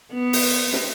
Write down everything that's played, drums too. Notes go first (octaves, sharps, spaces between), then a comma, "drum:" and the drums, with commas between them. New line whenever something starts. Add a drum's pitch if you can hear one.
B3
drum: open hi-hat
drum: snare